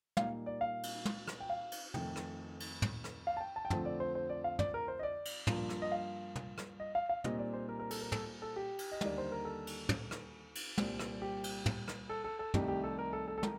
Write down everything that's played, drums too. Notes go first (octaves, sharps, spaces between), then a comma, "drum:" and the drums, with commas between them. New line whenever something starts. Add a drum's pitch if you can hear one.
A#2 G3 A#3 D#4 F5, drum: tom
D5
F5
drum: cymbal
drum: tom
drum: rim click
G5
F5
drum: cymbal
F2 D#3 A3 G5, drum: tom
drum: rim click
drum: cymbal
drum: tom
drum: rim click
F5
A5
G5
A5
G5
F2 D3 F3 A3 C4 A5, drum: tom
D5
C5
C5
D5
F5
D5, drum: tom
A#4
C5
D#5
D5
drum: cymbal
G2 F3 A#3 F4, drum: tom
drum: rim click
D#5
F5
drum: tom
drum: rim click
D#5
F5
F5
A#2 G3 C4 D#4 D#5, drum: tom
D5
C5
A#4
A#4
A4, drum: cymbal
A#4
A4, drum: tom
A4
G4
drum: cymbal
D#5
D#2 D3 G3 A#3 D#4 D5, drum: tom
C5
A#4
A4
drum: cymbal
drum: tom
drum: rim click
drum: cymbal
C2 A#2 G3 C4, drum: tom
drum: rim click
G4
drum: cymbal
drum: tom
drum: rim click
A4
A4
A4
C2 C3 D#3 A3 D#4 G4, drum: tom
G4
A4
A#4
A4
A4
A4
A#4, drum: tom